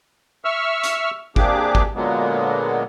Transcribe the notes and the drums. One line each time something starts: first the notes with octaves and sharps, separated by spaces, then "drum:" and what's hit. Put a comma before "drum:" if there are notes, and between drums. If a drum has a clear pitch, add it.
E5 C#6 E6 F6
drum: hi-hat
C3 A#3 D4 G4 G#4 D6, drum: kick
drum: kick
A#2 D3 F#3 G#3 A#3 B3